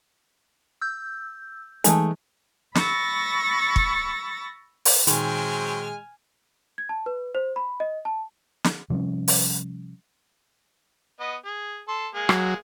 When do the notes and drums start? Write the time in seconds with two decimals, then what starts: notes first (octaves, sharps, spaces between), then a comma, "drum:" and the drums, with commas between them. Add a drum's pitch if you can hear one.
0.81 E6 G6
1.84 E3 G#3 A3 D#4, drum: hi-hat
2.75 B5 C#6 E6 A6 A#6, drum: snare
3.76 drum: kick
4.85 drum: open hi-hat
5.07 A#2 D#3 F#3 G#3 C4 G5 G#5 F6, drum: hi-hat
6.78 G#6
6.89 A5
7.06 B4
7.35 C5
7.56 B5
7.80 D#5
8.05 A5
8.64 drum: snare
8.90 C3 F3 G3 C#4
9.28 drum: open hi-hat
11.20 B3 D#5
11.45 G#4
11.88 A4 C6
12.14 G#3 A#3 G#4
12.29 F#3, drum: rim click